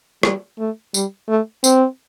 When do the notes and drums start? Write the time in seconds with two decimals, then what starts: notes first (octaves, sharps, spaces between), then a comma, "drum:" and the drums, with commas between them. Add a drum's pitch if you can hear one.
0.23 G3, drum: rim click
0.59 A3
0.94 G3, drum: tambourine
1.29 A3
1.64 C4, drum: tambourine